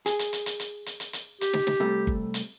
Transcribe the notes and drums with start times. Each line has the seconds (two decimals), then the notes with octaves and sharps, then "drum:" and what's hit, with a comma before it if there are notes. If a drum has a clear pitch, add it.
0.06 G#4, drum: hi-hat
0.19 drum: hi-hat
0.33 drum: hi-hat
0.46 drum: hi-hat
0.60 drum: hi-hat
0.86 drum: hi-hat
1.00 drum: hi-hat
1.13 drum: hi-hat
1.41 G4, drum: hi-hat
1.53 drum: snare
1.67 drum: snare
1.80 C3 G3 A3
2.07 drum: kick G1
2.34 drum: hi-hat